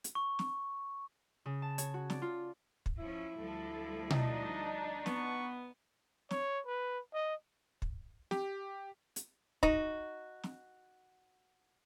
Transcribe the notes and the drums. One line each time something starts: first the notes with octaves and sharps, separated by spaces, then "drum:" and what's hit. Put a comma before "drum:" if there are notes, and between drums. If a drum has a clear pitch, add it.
drum: hi-hat
C#6
drum: snare
C#3
A5
C#5, drum: hi-hat
F#4
D5, drum: snare
F4
drum: kick
F3 C#4 E4
D2 F3 G3 A4
D4 D#4 D#5, drum: tom B2
B3 C#6, drum: snare
C#5, drum: snare
B4
D#5
drum: kick
G4, drum: snare
drum: hi-hat
D#4 F#4, drum: kick
drum: snare